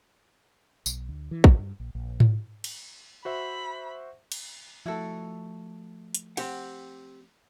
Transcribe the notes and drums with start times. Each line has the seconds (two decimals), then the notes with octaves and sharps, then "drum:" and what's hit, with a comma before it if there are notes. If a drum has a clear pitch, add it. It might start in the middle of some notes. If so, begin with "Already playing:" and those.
0.86 B1, drum: tambourine
1.09 D2
1.31 E3
1.44 G#1, drum: kick
1.58 G2
1.80 A#1
1.95 A#1
2.20 drum: tom G#2
2.64 drum: cymbal
3.25 F#4 C5 E5 B5
4.32 drum: cymbal
4.86 F3 A3 E4 F#4 A4
6.15 drum: hi-hat
6.37 C4 G4 F#5, drum: cymbal